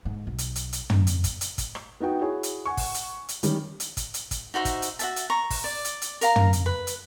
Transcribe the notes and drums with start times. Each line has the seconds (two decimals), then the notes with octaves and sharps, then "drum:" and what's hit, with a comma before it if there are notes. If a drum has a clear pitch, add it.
0.05 G#2
0.27 B1
0.38 drum: hi-hat
0.56 drum: hi-hat
0.73 drum: hi-hat
0.90 drum: tom
1.07 drum: hi-hat
1.24 drum: kick, hi-hat
1.41 drum: hi-hat
1.58 drum: kick, hi-hat
1.75 drum: rim click
2.00 B3 D#4 F#4 G5
2.21 E4 F#4 G#4 C#5 G#5
2.43 drum: hi-hat
2.66 F#5 G#5 C#6
2.77 drum: kick, open hi-hat
2.94 drum: hi-hat
3.29 drum: hi-hat
3.43 D#3 G3 C#4, drum: hi-hat
3.80 drum: hi-hat
3.97 drum: kick, hi-hat
4.14 drum: hi-hat
4.31 drum: kick, hi-hat
4.54 D#4 F#4 C5 E5
4.65 drum: kick, hi-hat
4.82 drum: hi-hat
4.99 F#4 E5 A5, drum: hi-hat
5.16 drum: hi-hat
5.30 A#5 C#6
5.50 drum: kick, open hi-hat
5.64 D5
5.85 drum: hi-hat
6.02 drum: hi-hat
6.21 A#4 F5 A#5, drum: hi-hat
6.36 drum: tom
6.53 drum: hi-hat
6.66 B4
6.87 drum: hi-hat